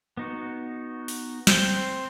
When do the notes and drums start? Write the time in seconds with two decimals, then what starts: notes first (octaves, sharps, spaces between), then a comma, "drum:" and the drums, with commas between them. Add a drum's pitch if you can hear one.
0.17 B3 D#4 F#4
1.08 drum: open hi-hat
1.47 C4 C6 G6 G7, drum: snare